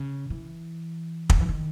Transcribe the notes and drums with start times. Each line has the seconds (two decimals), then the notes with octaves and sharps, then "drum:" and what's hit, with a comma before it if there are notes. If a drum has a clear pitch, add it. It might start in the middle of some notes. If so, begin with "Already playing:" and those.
Already playing: C#3
0.30 E3
1.30 drum: kick
1.40 E3
1.49 D#3